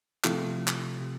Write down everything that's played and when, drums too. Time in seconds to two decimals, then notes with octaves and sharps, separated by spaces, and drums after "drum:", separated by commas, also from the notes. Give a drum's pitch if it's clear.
0.24 C3 F3 A3 C4, drum: clap
0.68 drum: clap
1.01 C3